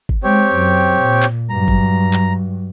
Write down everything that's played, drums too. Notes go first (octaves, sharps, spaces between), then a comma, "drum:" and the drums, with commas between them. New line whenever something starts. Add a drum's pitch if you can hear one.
drum: kick G1
G#3 C4 G4 C#5
F#2
A#2
drum: clap
G2 F#3 A#5
drum: kick G1
drum: clap